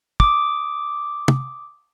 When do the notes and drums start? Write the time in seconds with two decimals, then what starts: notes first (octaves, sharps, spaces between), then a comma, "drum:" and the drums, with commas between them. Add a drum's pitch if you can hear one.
0.20 D6 D#6, drum: kick
1.28 drum: tom